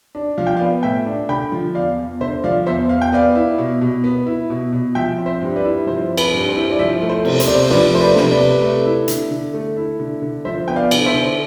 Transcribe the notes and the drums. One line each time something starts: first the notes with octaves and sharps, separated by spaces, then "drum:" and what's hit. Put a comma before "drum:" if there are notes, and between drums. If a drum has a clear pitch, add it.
D4
F3 F5
G5
D5 F5
B3
A2 E5 G5
D4
D3 G5 B5
F3
E2 D5 F5
E2
D3 C5 E5
F3 D5 F5
E2 C5 E5
E2 F5
G5
B3 D5 F5
E4
B2
B2
B3
E4
B2
B2
F3 E5 G5
C4
C5 E5
G2
B4 D5
E4
F3 C5
C4
B4, drum: cymbal
G2
C5
E4
D5
F3 C5 E5
A3
C5
C3, drum: cymbal
C5, drum: hi-hat
C3 D5
C5
F3 B4 D5, drum: snare
A3 C5
B4 D5
C3, drum: snare
B4 D5
C3
A3
E4
D3, drum: hi-hat
D3
A3
E4
D3
D3
F3 C5 E5
B3 G5
D5 F5
D3, drum: cymbal
C5 E5
D3